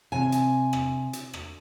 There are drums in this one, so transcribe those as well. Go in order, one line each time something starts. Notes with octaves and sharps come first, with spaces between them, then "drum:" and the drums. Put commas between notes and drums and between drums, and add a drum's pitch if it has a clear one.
C3 G#5
drum: hi-hat
drum: rim click
drum: hi-hat
drum: rim click